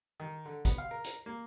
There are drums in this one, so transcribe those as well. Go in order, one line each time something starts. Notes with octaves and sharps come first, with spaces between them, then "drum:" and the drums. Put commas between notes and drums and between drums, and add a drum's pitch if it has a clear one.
D#3
D3
B3, drum: kick, hi-hat
F5
A#4
drum: hi-hat
A#3